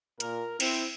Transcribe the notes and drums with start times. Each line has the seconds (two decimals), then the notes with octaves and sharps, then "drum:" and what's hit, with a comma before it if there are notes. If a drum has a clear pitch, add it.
0.20 A#2 A#4, drum: hi-hat
0.60 C4 E4, drum: cymbal